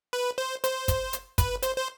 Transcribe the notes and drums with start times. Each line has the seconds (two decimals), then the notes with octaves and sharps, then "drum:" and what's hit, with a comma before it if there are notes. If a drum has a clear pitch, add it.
0.13 B4
0.38 C5
0.64 C5, drum: hi-hat
0.88 drum: kick, hi-hat
1.13 drum: hi-hat
1.38 B4, drum: kick, hi-hat
1.63 C5, drum: hi-hat
1.76 C5